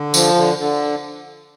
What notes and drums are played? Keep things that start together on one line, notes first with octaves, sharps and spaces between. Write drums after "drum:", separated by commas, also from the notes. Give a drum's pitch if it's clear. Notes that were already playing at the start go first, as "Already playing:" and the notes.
Already playing: D3
F3, drum: tambourine
D3
D3